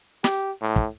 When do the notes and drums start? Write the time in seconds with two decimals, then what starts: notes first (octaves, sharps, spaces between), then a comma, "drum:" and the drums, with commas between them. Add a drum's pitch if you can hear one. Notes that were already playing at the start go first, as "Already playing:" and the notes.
0.24 G4, drum: snare
0.62 A2
0.76 drum: kick